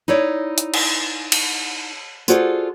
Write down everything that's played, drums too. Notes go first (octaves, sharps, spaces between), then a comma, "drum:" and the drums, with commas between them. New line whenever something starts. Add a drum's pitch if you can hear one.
D#4 E4 C#5 D5
drum: hi-hat
drum: cymbal
drum: cymbal
F4 F#4 G#4 A4 C5 D5, drum: tambourine